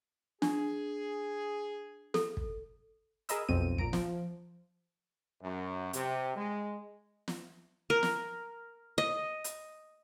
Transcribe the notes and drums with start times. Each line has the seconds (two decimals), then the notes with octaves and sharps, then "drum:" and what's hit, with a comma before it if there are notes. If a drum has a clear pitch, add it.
0.42 D4 G#4, drum: snare
2.14 A4, drum: snare
2.37 drum: kick
3.29 G#4 A#4 D#5 B5 E6, drum: hi-hat
3.49 B1 F2 C4 D#7
3.78 A#2 A#5 D7, drum: kick
3.93 F3, drum: snare
5.42 F#2
5.93 C3, drum: hi-hat
6.36 G#3
7.28 drum: snare
7.90 A#4
8.03 drum: snare
8.98 D#5
9.44 drum: hi-hat